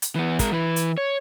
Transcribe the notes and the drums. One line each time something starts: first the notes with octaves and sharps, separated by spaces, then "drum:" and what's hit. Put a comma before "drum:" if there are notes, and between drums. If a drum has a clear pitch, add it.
drum: hi-hat
E3 B3
G#3 A#4, drum: kick, hi-hat
E3 B4
drum: hi-hat
C#5